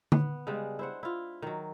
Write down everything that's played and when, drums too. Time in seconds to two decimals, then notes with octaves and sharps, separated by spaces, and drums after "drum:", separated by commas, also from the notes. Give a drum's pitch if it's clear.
0.12 B3, drum: tom D3
0.47 C#3 G3 G#3 D4
0.79 E4 C5 F#5
1.03 E4 F4
1.42 D#3 F#3